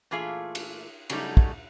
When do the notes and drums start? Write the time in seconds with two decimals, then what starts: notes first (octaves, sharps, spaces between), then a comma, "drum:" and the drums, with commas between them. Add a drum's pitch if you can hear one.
0.11 A#2 E3 A3 F4 G#4 E5
0.55 drum: cymbal
1.10 C#3 F#3 G3 A3 D#4, drum: cymbal
1.37 drum: kick